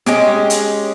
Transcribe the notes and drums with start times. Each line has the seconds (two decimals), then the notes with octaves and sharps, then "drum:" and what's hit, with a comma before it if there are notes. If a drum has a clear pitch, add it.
0.06 G#3 C#4 G4, drum: snare
0.50 drum: hi-hat